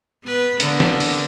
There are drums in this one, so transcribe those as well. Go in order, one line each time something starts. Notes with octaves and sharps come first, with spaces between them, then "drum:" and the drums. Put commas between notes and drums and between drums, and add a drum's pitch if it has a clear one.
B3 B4
D3 B3 A#4, drum: hi-hat
drum: snare
drum: open hi-hat